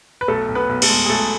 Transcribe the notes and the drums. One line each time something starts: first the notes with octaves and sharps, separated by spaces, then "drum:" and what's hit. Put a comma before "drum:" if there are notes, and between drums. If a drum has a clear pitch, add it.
B4
B1 A3 A4
B1
B3 B4
B1
A3 A4, drum: cymbal
G#3
G#4
B1 A3 A4